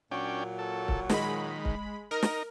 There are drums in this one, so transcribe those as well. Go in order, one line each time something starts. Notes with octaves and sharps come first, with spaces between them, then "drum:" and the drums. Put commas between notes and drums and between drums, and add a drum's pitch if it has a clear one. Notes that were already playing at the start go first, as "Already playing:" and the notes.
A#2 F#3 C#4 D4 G5
A4
drum: kick
D#3 G#3 B5, drum: snare
drum: kick
D#4 A#4 A#5
drum: snare